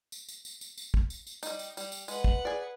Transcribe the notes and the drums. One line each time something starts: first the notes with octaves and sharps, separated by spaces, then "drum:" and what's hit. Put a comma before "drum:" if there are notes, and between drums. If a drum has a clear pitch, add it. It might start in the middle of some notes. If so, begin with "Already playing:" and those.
drum: tambourine
drum: tambourine
drum: tambourine
drum: tambourine
drum: tambourine
drum: kick
drum: tambourine
drum: tambourine
G3 D#4, drum: tambourine
drum: tambourine
G3, drum: tambourine
drum: tambourine
G#3 B4 F#5, drum: tambourine
drum: kick
G#4 D5